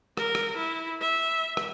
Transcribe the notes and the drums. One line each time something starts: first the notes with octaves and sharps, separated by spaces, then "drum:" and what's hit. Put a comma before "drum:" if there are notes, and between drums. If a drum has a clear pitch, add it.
A#4, drum: rim click
drum: rim click
E4
E5
drum: rim click